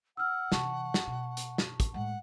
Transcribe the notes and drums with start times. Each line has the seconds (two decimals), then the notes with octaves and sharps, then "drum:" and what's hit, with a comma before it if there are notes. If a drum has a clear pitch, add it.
0.17 F#5 E6 F6
0.52 C3 E3 A5 C#6, drum: snare
0.94 drum: snare
1.07 B2
1.37 drum: hi-hat
1.58 drum: snare
1.80 drum: kick, hi-hat
1.94 A2 G#3 F#5